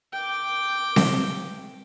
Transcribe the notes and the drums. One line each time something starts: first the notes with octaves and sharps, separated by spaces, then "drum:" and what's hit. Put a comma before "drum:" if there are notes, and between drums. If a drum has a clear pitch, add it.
G5 D6
drum: snare C4